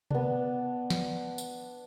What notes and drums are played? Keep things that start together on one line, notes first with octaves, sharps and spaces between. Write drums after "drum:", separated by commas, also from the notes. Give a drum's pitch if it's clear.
B3 D4, drum: tom B2
drum: snare
drum: tambourine